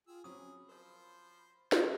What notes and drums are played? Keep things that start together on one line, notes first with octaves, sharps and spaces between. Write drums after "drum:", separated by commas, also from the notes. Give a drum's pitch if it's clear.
F4 G#4 G5 E6
F#3 C4 C#4 G#4 B5 D#6
F3 A#4 C5 C#5
drum: snare